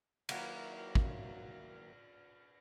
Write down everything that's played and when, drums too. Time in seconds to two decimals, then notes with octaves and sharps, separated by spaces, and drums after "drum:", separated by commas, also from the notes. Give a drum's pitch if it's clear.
0.29 D#3 F#3 A#3 E4, drum: cymbal
0.95 drum: kick